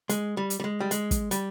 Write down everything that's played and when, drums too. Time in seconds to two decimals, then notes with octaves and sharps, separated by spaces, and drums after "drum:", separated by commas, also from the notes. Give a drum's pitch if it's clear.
0.09 G#3, drum: hi-hat
0.37 G3
0.50 drum: hi-hat
0.60 G3
0.64 G#3
0.80 G3
0.91 G#3, drum: hi-hat
1.11 drum: kick, hi-hat
1.31 G3, drum: hi-hat